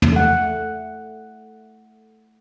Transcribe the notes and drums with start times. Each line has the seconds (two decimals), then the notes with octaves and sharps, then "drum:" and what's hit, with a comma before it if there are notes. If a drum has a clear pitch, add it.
0.02 drum: tom
0.12 A3 F#5